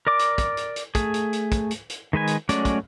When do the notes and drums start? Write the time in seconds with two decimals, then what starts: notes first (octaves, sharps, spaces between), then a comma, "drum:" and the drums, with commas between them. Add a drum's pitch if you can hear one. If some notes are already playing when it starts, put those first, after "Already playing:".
0.07 A#4 D5 D6
0.19 drum: hi-hat
0.38 drum: kick, hi-hat
0.57 drum: hi-hat
0.76 drum: hi-hat
0.95 A3 G#4, drum: kick, hi-hat
1.14 drum: hi-hat
1.33 drum: hi-hat
1.52 drum: kick, hi-hat
1.71 drum: hi-hat
1.90 drum: hi-hat
2.13 D#3 G#3 B4 G#5
2.27 drum: hi-hat
2.49 F#3 G#3 A3 C#4 D5, drum: hi-hat
2.65 drum: kick, hi-hat